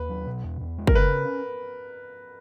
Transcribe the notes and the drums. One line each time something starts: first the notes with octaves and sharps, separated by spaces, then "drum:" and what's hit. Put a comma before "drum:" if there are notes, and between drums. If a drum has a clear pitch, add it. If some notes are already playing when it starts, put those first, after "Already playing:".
Already playing: D#2 B4
F#3
B2
E2
E2
G#3
A#4, drum: kick
C#3 B4
C#4